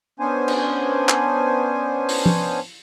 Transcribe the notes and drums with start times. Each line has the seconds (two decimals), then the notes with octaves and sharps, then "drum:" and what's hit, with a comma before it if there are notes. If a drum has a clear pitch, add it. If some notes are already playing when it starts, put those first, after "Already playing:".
0.20 B3 C#4 D4 C5 G#5
0.48 drum: cymbal
1.09 drum: clap
2.09 drum: open hi-hat
2.26 drum: tom F3